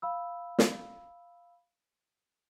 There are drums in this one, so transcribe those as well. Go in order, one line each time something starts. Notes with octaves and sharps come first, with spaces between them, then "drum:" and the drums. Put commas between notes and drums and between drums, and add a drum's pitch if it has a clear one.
F5 B5 E6
drum: snare